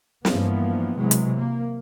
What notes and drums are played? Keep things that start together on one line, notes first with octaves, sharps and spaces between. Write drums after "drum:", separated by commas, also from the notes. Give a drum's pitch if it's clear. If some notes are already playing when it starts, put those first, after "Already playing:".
G2 E3 F3 A#3 B3, drum: snare
C3 E3 F#3 G#3
drum: hi-hat
A#3